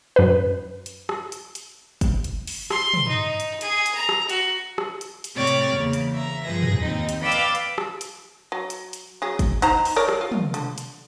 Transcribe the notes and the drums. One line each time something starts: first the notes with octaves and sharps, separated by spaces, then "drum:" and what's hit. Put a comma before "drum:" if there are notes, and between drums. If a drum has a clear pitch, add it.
F#2 B4
drum: hi-hat
drum: rim click
drum: hi-hat
drum: hi-hat
drum: kick, hi-hat
drum: hi-hat
drum: open hi-hat
C6, drum: rim click
drum: tom
D#4
drum: hi-hat
G#4, drum: hi-hat
drum: hi-hat
A#5
drum: rim click
F#4, drum: hi-hat
drum: rim click
drum: hi-hat
drum: hi-hat
A2 C3 C4 C#5 D5 F6
drum: hi-hat
E2 C#3 A#3
drum: hi-hat
E5 A#5
G2 F3 G#4 B4 A#6
drum: tom
D#2 C4 D#4
drum: hi-hat
B4 D5 F5 G5 D6 E6
drum: hi-hat
drum: hi-hat
drum: rim click
drum: hi-hat
F#3
drum: hi-hat
drum: hi-hat
F#3 G#4
drum: kick, hi-hat
D#4 C5 A#5, drum: hi-hat
drum: open hi-hat
A#4 C#5 D5
drum: rim click
F4
drum: tom
D3, drum: hi-hat
drum: hi-hat